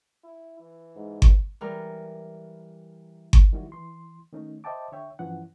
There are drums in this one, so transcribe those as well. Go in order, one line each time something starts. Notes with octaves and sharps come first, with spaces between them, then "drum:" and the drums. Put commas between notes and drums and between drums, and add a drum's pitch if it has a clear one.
E4
E3
G#2
drum: kick G1
E3 G3 A#4
drum: kick G1
D#3 F#3 G3 E4 F#4
E3 C6
D#3 A3 C#4 D#4
C5 D#5 E5 G5 A5 D6
D3 C#5 E5 G5
G2 E3 F3 C#4 E4 F#5